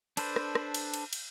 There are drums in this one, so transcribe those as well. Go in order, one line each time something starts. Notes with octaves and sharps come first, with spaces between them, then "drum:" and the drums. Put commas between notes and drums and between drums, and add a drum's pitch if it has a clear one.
D4 A4 B4 C5, drum: cymbal
drum: rim click
drum: rim click
drum: cymbal
drum: cymbal
drum: cymbal